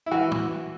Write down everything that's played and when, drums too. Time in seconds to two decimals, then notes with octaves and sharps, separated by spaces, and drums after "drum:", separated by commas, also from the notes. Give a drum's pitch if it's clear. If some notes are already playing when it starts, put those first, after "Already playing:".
0.06 E4
0.11 E3 F#4
0.32 drum: tom